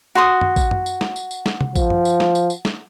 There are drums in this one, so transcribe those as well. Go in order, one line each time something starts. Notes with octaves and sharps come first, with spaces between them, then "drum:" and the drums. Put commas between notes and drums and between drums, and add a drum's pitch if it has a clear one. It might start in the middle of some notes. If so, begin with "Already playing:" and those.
F#4 C6 D#6
drum: tom
drum: kick, tambourine
drum: tom
drum: tambourine
drum: snare
drum: tambourine
drum: tambourine
drum: snare
drum: tom C3
F3, drum: kick, tambourine
drum: tom
drum: tambourine
drum: snare
drum: tambourine
drum: tambourine
drum: snare